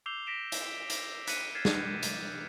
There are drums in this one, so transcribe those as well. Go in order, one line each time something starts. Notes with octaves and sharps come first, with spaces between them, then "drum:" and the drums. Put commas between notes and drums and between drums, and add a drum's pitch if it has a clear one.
D6 E6 G6 C7 F7 G7
A#6 B6 D7 E7
drum: hi-hat
drum: hi-hat
F#6 B6 C#7 D#7, drum: hi-hat
F6 G#6 A6 B6 C7 E7
drum: snare
G6
drum: hi-hat